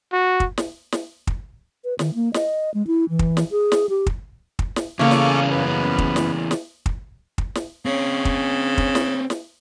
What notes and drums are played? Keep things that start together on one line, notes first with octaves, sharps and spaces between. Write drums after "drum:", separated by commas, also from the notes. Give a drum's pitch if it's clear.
F#4
drum: kick
drum: snare
drum: snare
drum: kick
B4
D#3, drum: snare
A#3
D#5, drum: snare
G#3
E4
E3
drum: kick
drum: snare
G#4
drum: snare
G4
drum: kick
drum: kick
drum: snare
E2 C#3 A#3 C#4 A4 C#6 D6
drum: snare
F#2 B3 B4
drum: kick
drum: snare
drum: snare
drum: kick
drum: kick
drum: snare
C#3 C4 C#4
drum: kick
drum: kick
drum: snare
drum: snare